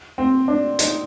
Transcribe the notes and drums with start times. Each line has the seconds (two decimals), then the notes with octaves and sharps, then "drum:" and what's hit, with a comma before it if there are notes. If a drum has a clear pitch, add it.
0.18 C4
0.48 D4
0.79 D#4, drum: hi-hat